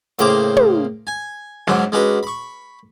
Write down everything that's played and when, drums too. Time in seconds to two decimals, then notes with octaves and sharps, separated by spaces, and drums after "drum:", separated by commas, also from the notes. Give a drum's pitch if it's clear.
0.19 A2 C#3 A#3 C5 G5 D6, drum: hi-hat
0.57 drum: tom
1.07 G#5
1.67 G#2 F#3 C#4 D4, drum: snare
1.92 G#3 C#4 D4 F#4 B4
2.23 B5 C#6